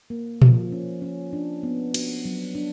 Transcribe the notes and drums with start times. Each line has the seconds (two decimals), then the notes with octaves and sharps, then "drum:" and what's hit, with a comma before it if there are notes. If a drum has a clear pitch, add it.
0.10 A#3
0.42 F3, drum: tom A#2
0.72 C#4
1.02 C#4
1.33 D4
1.63 B3
1.94 F#4, drum: cymbal
2.25 F#3
2.55 D4